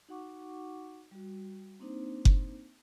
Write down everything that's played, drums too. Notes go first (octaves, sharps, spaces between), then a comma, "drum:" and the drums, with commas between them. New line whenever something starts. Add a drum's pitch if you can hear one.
D#4 F#4 F#5 C#6 D6
G3 F#4
A#3 C4 D4 D#4 C5
drum: kick F#1